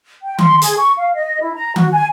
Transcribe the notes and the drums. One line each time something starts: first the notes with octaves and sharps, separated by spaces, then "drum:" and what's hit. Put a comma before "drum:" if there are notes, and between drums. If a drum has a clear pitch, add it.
G5
C6, drum: tom D#3
G#4, drum: hi-hat
C#6
F5
D#5
E4
A#5
F#4, drum: tom D#3
G#5